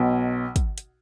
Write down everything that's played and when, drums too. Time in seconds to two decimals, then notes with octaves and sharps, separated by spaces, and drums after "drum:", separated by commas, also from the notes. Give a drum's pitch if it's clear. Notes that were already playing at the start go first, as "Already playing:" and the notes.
Already playing: B1 B2
0.56 drum: kick, hi-hat
0.78 drum: hi-hat